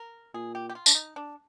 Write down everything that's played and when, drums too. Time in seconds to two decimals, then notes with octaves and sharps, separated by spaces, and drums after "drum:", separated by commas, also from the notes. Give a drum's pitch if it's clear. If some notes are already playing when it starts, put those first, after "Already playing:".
Already playing: A#4
0.34 A#2 G#4
0.55 G4
0.69 G4
0.75 F4
0.86 D4, drum: tambourine
0.95 D#4
1.16 D4